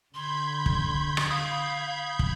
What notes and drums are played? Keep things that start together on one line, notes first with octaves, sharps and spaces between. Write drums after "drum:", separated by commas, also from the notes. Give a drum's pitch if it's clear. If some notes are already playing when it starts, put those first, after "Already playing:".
D3 B5 C6 G6 G#6
drum: kick
drum: rim click
F5 D#6
drum: kick